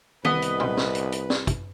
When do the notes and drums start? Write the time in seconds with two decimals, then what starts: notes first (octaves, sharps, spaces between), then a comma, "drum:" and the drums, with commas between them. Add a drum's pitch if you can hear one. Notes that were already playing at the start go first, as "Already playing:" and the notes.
0.25 C2 B3 B4 D#5, drum: tom D#3
0.42 drum: hi-hat
0.60 drum: tom A#2
0.77 drum: snare
0.95 drum: hi-hat
1.12 drum: hi-hat
1.30 drum: snare
1.47 drum: kick, hi-hat